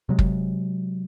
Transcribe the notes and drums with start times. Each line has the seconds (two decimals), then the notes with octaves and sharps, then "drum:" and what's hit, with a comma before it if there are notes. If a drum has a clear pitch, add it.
0.09 C3 F#3 G#3
0.19 drum: kick